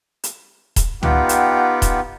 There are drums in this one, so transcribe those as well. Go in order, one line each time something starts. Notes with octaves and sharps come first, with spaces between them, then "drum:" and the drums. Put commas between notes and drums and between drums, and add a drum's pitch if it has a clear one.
drum: hi-hat
drum: kick D#1, hi-hat
B3 D#4 F4 G4 F#5 G5, drum: tom C#2
drum: hi-hat
drum: kick D#1, hi-hat